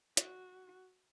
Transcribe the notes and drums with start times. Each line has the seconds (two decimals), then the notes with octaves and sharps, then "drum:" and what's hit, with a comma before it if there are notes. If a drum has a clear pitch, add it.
0.17 F#4, drum: hi-hat